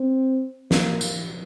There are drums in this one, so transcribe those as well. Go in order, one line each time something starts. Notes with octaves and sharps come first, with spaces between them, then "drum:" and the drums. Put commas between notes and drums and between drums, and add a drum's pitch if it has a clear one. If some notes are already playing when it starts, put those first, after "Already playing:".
Already playing: C4
A#3, drum: snare
drum: tambourine